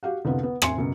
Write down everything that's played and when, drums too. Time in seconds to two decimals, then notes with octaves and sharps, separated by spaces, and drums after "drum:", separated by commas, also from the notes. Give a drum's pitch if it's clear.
0.03 F#4 G4 F5 F#5
0.25 C2 F2 D3 B3 F4 B4
0.43 B3
0.62 A1 C4 E5 G#5 C6 C#7, drum: rim click
0.77 C#2 F#2 B2